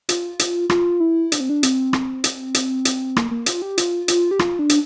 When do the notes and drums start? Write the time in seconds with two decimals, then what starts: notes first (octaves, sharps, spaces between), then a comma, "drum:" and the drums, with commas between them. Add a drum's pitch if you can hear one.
0.09 F4, drum: hi-hat
0.39 drum: hi-hat
0.70 F4, drum: rim click
1.00 E4
1.32 D4, drum: hi-hat
1.40 C4
1.49 D4
1.63 C4, drum: hi-hat
1.93 drum: rim click
2.24 drum: hi-hat
2.54 drum: hi-hat
2.85 drum: hi-hat
3.16 A#3, drum: rim click
3.31 A#3
3.46 F4, drum: hi-hat
3.62 G4
3.78 F4, drum: hi-hat
4.08 drum: hi-hat
4.31 G4
4.39 F4, drum: rim click
4.59 D4
4.69 drum: hi-hat